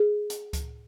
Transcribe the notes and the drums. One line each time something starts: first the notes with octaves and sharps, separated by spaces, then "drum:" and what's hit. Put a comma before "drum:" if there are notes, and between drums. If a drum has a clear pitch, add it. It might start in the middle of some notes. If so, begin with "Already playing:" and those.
Already playing: G#4
drum: hi-hat
drum: kick C#2, hi-hat